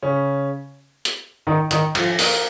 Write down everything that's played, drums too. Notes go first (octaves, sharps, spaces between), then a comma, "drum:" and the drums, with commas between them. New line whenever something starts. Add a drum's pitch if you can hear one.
C#3 C#4
drum: hi-hat
D#3 D#4
D#3 D#4, drum: hi-hat
F3 F4, drum: cymbal
A#3 A#4, drum: open hi-hat